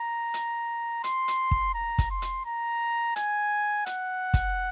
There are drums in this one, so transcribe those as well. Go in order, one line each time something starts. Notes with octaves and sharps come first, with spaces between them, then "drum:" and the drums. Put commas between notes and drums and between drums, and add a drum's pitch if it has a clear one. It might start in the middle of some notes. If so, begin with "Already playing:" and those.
Already playing: A#5
drum: hi-hat
C6, drum: hi-hat
drum: hi-hat
drum: kick
A#5
drum: kick, hi-hat
C6
drum: hi-hat
A#5
G#5, drum: hi-hat
F#5, drum: hi-hat
drum: kick, hi-hat